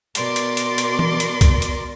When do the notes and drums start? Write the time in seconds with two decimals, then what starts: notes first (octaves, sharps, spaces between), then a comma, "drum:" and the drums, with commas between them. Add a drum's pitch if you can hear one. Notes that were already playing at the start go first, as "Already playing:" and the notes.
0.15 B2 A#4 D5 C6 D6, drum: hi-hat
0.36 drum: hi-hat
0.57 drum: hi-hat
0.78 drum: hi-hat
0.99 drum: tom E3
1.20 drum: hi-hat
1.41 drum: kick, hi-hat
1.62 drum: hi-hat